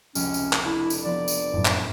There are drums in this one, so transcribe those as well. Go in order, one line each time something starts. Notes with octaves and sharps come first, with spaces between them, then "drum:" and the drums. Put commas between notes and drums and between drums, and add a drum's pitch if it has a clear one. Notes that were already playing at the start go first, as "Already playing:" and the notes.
F1 C#2 C#4, drum: tambourine
drum: tambourine
drum: clap
D4 E4 A4
drum: tambourine
F3 B3 D5
drum: tambourine
F1 F#2 A2
drum: clap